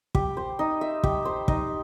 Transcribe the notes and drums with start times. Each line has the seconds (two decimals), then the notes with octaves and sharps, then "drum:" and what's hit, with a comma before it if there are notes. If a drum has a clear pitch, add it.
0.15 G4, drum: kick
0.37 C5
0.59 D#4
0.81 E5
1.04 G4, drum: kick
1.25 C5
1.48 D#4, drum: kick